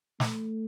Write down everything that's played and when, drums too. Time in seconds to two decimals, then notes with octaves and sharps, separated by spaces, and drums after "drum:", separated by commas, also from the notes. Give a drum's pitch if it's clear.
0.20 A3, drum: snare